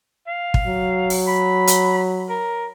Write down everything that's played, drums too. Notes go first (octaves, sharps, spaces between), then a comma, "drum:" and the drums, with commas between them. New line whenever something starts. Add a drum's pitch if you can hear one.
F5
drum: kick
F#3
drum: open hi-hat
B5
drum: hi-hat
A#4